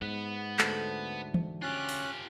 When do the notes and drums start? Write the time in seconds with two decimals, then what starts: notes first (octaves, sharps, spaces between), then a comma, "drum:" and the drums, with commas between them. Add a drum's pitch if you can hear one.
0.02 G#2 B3
0.59 D2 A4 C5, drum: clap
1.34 drum: tom E3
1.62 C#4 F4 G4 F#6
1.89 drum: open hi-hat